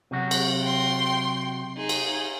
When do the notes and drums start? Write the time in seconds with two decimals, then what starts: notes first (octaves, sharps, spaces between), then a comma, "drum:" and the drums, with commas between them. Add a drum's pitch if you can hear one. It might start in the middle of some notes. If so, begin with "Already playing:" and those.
0.11 C3 F#3 F#4
0.31 drum: cymbal
0.62 G5 C6
1.78 D#4 G#4
1.89 drum: cymbal